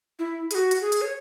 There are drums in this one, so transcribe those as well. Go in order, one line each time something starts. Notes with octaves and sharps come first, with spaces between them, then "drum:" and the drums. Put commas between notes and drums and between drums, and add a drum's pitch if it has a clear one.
E4
G#4, drum: hi-hat
F#4
drum: hi-hat
G#4
drum: hi-hat
C#5